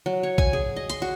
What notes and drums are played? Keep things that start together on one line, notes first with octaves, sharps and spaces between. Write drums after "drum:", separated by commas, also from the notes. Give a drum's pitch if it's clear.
F#3
C#5
G#5, drum: kick
G#4
D#5
C6, drum: hi-hat
F#4